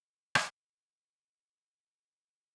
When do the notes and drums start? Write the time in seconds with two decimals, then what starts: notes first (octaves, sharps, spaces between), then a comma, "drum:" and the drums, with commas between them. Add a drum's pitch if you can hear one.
0.06 A5
0.14 G5
0.35 drum: rim click
0.60 F5
0.83 F5
1.05 A5
1.17 G5
1.51 G5
1.74 A5
1.96 A#5
2.19 A#5